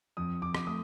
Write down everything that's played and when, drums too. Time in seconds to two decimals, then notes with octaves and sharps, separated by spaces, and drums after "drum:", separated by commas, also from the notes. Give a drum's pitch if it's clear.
0.17 F2 D#6
0.42 F2 D6
0.55 drum: rim click
0.67 A3 D#6